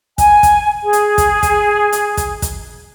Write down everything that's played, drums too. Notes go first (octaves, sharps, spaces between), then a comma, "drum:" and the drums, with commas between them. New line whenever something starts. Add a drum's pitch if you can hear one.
G#5, drum: kick, hi-hat
drum: kick, hi-hat
G#4
drum: hi-hat
drum: kick, hi-hat
drum: kick, hi-hat
drum: hi-hat
drum: kick, hi-hat
drum: kick, hi-hat